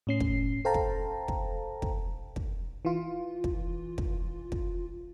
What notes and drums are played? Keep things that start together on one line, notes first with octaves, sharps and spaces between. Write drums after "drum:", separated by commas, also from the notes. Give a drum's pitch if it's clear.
A2 C#4 C7
drum: kick
A4 C5 F5 G5 A5 A#5
drum: kick
drum: kick
drum: kick
drum: kick
E3 F4
drum: kick
drum: kick
drum: kick